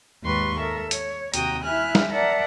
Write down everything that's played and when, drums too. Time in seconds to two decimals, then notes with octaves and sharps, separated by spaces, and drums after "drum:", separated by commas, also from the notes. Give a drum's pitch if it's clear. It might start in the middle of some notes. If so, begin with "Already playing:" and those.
0.24 D#2 G#2 G4 B4 C6 C#6
0.59 A4 A#4 E5
0.91 C#5, drum: hi-hat
1.34 D#2 C3 F#4 G5 A#5 D#6, drum: hi-hat
1.64 E4 E5 G#5 F6 F#6
1.95 drum: snare
2.11 A#4 D5 E5 F#5 A5 A#5